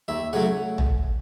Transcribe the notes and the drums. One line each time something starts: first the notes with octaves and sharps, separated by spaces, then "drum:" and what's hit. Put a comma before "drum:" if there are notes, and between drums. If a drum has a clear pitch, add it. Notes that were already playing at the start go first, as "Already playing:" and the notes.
D#2 E5
C#3 F#3 A3 F#5
drum: tom